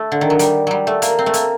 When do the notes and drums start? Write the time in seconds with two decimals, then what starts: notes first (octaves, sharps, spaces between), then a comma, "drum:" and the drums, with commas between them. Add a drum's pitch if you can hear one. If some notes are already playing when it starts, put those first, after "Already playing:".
Already playing: A3
0.12 D3
0.21 D#3
0.30 F#3
0.39 G3, drum: hi-hat
0.67 F#3 G3
0.87 A3
1.02 A#3, drum: hi-hat
1.19 C4
1.26 A3
1.34 A#3, drum: hi-hat